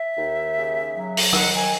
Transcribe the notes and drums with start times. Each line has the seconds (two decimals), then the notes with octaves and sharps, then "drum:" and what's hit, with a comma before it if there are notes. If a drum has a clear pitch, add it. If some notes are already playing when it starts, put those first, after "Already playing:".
Already playing: E5
0.18 D#2
0.56 C#3
0.95 F#3
1.17 drum: open hi-hat
1.33 D#3 F#5, drum: rim click
1.53 G#5